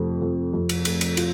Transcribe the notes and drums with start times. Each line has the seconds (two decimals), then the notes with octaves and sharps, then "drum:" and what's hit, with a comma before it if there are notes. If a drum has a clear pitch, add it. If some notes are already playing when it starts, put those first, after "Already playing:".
Already playing: F2 C3 A3
0.22 F2
0.53 F2
0.69 drum: cymbal
0.85 A3, drum: cymbal
1.01 drum: cymbal
1.17 F4, drum: cymbal